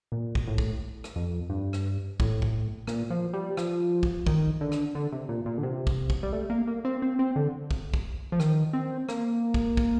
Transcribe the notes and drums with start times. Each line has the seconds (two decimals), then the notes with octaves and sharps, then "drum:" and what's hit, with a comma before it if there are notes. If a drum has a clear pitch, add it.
0.12 A#2
0.35 drum: kick
0.47 A2
0.58 drum: kick
1.04 drum: rim click
1.16 F2
1.50 G2
1.73 drum: rim click
2.20 A2, drum: kick
2.42 drum: kick
2.87 A#2, drum: rim click
3.10 F3
3.33 G3
3.57 F3, drum: rim click
4.03 drum: kick
4.27 D#3, drum: kick
4.61 D3
4.72 drum: rim click
4.95 D3
5.12 C3
5.29 A#2
5.46 A#2
5.58 D3
5.63 C3
5.87 drum: kick
6.10 drum: kick
6.23 G3
6.33 A3
6.50 A#3
6.67 A#3
6.85 C4
7.02 C4
7.19 C4
7.36 D3
7.71 drum: kick
7.94 drum: kick
8.32 F3
8.40 D#3, drum: rim click
8.73 C4
9.09 A#3, drum: rim click
9.54 drum: kick
9.77 drum: kick